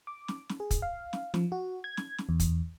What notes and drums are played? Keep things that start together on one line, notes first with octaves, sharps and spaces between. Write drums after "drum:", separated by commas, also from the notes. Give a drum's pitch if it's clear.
D6
drum: snare
drum: snare
G#4
drum: kick, hi-hat
F5
drum: snare
F3, drum: snare
F#4
G#6
drum: snare
drum: snare
E2
drum: kick, hi-hat